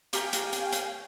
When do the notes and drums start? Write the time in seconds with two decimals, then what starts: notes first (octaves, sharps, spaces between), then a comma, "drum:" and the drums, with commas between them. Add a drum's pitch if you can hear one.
0.13 G4 A#4 F5 G5 G#5 C#6, drum: hi-hat
0.33 drum: hi-hat
0.53 drum: hi-hat
0.72 drum: hi-hat